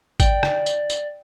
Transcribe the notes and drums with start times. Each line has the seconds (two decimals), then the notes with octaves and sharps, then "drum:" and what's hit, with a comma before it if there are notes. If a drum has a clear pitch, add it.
0.20 D5 G5, drum: kick G#1, tambourine
0.43 drum: rim click
0.66 drum: tambourine
0.90 drum: tambourine